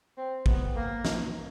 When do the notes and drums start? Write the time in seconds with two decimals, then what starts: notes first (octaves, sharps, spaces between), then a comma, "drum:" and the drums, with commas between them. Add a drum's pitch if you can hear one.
0.17 C4
0.46 B3, drum: kick
0.75 A#3
1.05 drum: snare